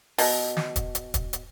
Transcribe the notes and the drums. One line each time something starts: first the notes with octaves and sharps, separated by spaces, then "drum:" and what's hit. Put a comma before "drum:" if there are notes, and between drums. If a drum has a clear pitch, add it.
B2, drum: open hi-hat
drum: snare
drum: kick, hi-hat
drum: hi-hat
drum: kick, hi-hat
drum: hi-hat